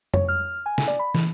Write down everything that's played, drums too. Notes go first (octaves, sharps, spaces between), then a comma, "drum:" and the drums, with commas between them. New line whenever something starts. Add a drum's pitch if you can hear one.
C#5, drum: tom F2
F6
G#5
drum: snare
D5
B5
E3, drum: snare